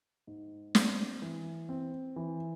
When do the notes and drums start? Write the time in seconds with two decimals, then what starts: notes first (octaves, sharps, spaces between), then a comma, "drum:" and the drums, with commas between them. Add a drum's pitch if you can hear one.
0.27 G#2
0.75 C4, drum: snare
1.22 E3
1.69 C4
2.16 E3